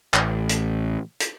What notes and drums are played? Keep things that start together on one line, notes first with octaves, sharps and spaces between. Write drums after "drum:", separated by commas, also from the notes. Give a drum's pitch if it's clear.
A1, drum: clap
drum: hi-hat
drum: hi-hat